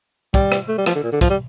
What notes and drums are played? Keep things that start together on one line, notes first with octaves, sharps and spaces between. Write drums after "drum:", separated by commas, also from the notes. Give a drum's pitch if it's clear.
G3, drum: kick
drum: rim click
A3
G3
F3, drum: rim click
D3
A#2
D3
F3, drum: kick, hi-hat
G3